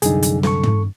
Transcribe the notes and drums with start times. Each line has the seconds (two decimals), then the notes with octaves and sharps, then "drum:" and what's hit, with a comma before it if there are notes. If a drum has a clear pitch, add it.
0.02 C2 F#2 D3 D#4 G#4, drum: hi-hat
0.23 drum: hi-hat
0.43 A4 C#6, drum: snare
0.63 drum: tom